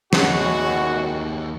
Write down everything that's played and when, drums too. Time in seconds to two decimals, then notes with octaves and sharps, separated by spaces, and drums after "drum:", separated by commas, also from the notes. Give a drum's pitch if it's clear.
0.13 D#2 G#3 E4 F#4 C#5, drum: snare